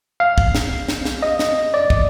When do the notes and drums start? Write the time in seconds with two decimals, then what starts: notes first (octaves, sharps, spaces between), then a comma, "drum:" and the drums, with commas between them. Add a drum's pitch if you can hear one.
0.20 F5
0.38 drum: kick
0.55 drum: snare
0.88 drum: snare
1.05 drum: snare
1.22 D#5
1.39 drum: snare
1.74 D5
1.90 drum: kick